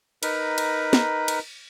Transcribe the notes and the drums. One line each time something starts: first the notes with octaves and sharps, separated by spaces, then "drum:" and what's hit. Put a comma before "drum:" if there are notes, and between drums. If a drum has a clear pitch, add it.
D#4 A#4 B4, drum: cymbal
drum: cymbal
drum: snare
drum: cymbal